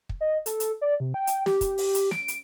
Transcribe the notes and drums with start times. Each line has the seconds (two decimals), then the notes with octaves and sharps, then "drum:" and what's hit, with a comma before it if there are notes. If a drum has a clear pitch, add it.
0.09 drum: kick
0.21 D#5
0.46 A4, drum: hi-hat
0.60 drum: hi-hat
0.81 D5
1.00 C3
1.14 G5
1.27 drum: hi-hat
1.46 G4, drum: snare
1.61 drum: kick, hi-hat
1.78 drum: open hi-hat
1.94 drum: hi-hat
2.11 D7, drum: snare
2.28 drum: hi-hat